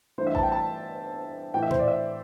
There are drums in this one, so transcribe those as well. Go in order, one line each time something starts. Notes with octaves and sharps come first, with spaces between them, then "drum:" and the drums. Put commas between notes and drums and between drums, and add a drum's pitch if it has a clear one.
G2 E3 A3 C5
E5
A5, drum: kick A1
G5
A5
A2 E3 A3 G5
E5
C5, drum: tom A#2
D5
E5